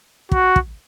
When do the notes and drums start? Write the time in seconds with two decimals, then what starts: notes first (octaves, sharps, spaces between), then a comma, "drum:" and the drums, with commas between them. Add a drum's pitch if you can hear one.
0.32 F#4, drum: kick
0.56 drum: kick